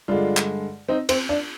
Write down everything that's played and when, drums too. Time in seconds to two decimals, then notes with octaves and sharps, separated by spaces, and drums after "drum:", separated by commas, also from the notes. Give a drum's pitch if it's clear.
0.08 G2 D3 G#3 D4 F4
0.37 drum: clap
0.89 C4 D#4
1.09 C4, drum: cymbal
1.29 D4